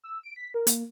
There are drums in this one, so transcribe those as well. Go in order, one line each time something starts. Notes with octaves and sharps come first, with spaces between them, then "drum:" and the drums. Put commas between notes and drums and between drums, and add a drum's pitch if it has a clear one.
E6
D7
B6
A#4
A#3, drum: hi-hat